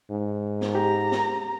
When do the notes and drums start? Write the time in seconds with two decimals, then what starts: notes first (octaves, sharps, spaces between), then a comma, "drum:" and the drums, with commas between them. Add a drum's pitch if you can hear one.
0.11 G#2
0.61 drum: snare
0.75 G4 A#5
1.12 drum: snare